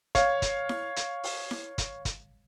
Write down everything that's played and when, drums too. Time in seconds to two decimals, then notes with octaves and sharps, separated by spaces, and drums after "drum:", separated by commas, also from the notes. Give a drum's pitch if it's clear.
0.15 C#5 F5, drum: kick, hi-hat
0.42 drum: kick, hi-hat
0.69 drum: snare E4
0.96 drum: hi-hat
1.24 drum: open hi-hat
1.51 drum: snare E4
1.78 drum: kick, hi-hat
2.05 drum: kick, hi-hat